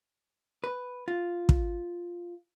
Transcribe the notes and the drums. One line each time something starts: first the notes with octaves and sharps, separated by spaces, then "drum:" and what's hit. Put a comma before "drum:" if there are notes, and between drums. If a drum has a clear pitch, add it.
B4
F4
drum: kick